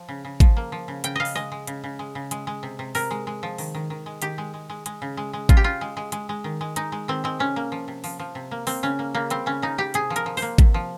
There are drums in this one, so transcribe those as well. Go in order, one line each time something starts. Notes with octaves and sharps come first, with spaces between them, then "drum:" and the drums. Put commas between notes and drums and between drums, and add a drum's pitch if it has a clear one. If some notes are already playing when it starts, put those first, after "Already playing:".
Already playing: F3
C#3
C#3
F3, drum: kick G#1, hi-hat
A#3
F3
C#3
C#3 G5, drum: hi-hat
C#3 D#5 F5
drum: open hi-hat
G#3 D#5
G#3
C#3, drum: hi-hat
C#3
G#3
C#3
G#3, drum: hi-hat
G#3
C3
C3
C3 A#4, drum: open hi-hat
G#3
G#3
F3
D#3, drum: open hi-hat
D#3
D#3
G#3
D#3 G4, drum: hi-hat
G#3
G#3
G#3
G#3, drum: hi-hat
C#3
G#3
G#3
C#3 F4, drum: kick G#1, hi-hat
G4
C#3 F4
G#3
G#3
G#3, drum: hi-hat
G#3
D#3
G#3
G#3 D#4, drum: hi-hat
G#3
D#3 C4
G#3 C4
C3 C#4
A#3
F3
C3
F3, drum: open hi-hat
F3
C3
A#3
A#3 C4, drum: open hi-hat
C#3 C#4
A#3
C#3 A#3
G3 C4, drum: hi-hat
C#3 C#4
C#3 D#4
C#3 G4
C3 G#4, drum: hi-hat
F3
A#4, drum: hi-hat
F3
C5, drum: open hi-hat
A#3
C3, drum: kick G#1, hi-hat
F3